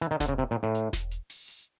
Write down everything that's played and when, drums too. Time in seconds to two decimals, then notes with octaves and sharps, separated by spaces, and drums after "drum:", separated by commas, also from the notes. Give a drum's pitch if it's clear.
0.01 E3, drum: hi-hat
0.11 D#3
0.20 D3, drum: snare E1
0.29 C#3
0.38 C3
0.51 A#2
0.63 A2
0.75 drum: hi-hat
0.93 drum: snare E1
1.11 drum: hi-hat
1.30 drum: open hi-hat
1.48 drum: hi-hat